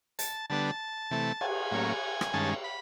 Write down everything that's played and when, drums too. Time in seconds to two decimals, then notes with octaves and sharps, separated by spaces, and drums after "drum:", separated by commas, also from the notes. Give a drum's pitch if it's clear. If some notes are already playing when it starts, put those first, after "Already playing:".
0.19 A5, drum: hi-hat
0.50 D3 G3 B3 D4 A5
1.11 C3 E3 A3
1.41 G#5, drum: cymbal
1.71 A2 F#3 A#3 C#4
2.21 drum: rim click
2.33 G2 D#3 G#3 C#4 A5
2.64 B5